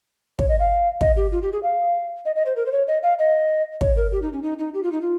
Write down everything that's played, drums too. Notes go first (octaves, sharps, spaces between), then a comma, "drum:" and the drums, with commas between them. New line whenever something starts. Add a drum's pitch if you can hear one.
C#5, drum: kick
D#5
F5
D#5, drum: kick
G4
F4
G4
G#4
F5
D#5
D#5
C5
A#4
C5
C#5
D#5
F5
D#5
C#5, drum: kick
A#4
G4
D#4
C#4
D#4
D#4
G4
F4
D#4
F4